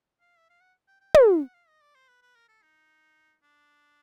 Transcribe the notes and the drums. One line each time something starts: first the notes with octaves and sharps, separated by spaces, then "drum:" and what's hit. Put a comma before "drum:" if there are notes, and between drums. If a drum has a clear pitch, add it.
F5
E5
F5
F#5
G5
G5
F5, drum: tom
F5
F#5
F5
D#5
D5
C5
B4
B4
A#4
A4
D#4
D4